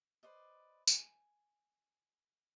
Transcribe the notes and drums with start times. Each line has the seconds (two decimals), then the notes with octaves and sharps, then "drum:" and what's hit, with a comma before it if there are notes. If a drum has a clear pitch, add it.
0.23 B4 C5 D5 D#5
0.88 G#5, drum: tambourine